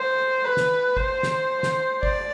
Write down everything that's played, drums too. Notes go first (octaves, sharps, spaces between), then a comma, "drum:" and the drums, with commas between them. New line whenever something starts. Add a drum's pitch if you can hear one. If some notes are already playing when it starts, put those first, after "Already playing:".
Already playing: C5
B4
drum: snare
C5, drum: kick
drum: snare
drum: snare
D5, drum: kick